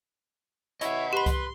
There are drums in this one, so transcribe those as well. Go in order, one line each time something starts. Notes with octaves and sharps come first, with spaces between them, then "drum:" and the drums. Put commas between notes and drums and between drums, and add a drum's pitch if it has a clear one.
E4 C#5 D#5 F#5, drum: hi-hat
G4 B4 B5 C6
drum: kick C2, hi-hat